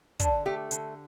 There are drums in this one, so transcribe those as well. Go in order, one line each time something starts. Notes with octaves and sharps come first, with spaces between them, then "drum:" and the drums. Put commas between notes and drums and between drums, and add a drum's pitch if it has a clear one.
D3 D4, drum: kick, hi-hat
A3 G4
D3, drum: hi-hat